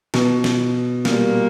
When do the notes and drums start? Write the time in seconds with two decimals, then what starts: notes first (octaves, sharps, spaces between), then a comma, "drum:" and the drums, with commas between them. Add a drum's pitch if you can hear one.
0.14 B2, drum: snare
0.44 drum: snare
1.05 A#2 G3 A#3, drum: snare